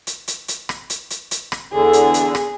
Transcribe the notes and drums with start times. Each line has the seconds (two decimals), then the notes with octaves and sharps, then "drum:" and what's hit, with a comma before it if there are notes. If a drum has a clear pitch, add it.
0.07 drum: hi-hat
0.28 drum: hi-hat
0.48 drum: hi-hat
0.69 drum: rim click
0.90 drum: hi-hat
1.10 drum: hi-hat
1.31 drum: hi-hat
1.52 drum: rim click
1.73 E2 D3 G#4
1.93 drum: hi-hat
2.14 drum: hi-hat
2.35 drum: rim click